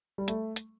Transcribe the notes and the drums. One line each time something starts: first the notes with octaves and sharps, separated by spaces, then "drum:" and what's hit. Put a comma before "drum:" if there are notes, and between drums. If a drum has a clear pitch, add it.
G3
A3, drum: hi-hat
drum: hi-hat